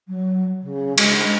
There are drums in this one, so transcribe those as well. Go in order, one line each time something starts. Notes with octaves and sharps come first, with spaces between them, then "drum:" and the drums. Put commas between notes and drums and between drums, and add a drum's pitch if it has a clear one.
F#3
C#3
G#3, drum: cymbal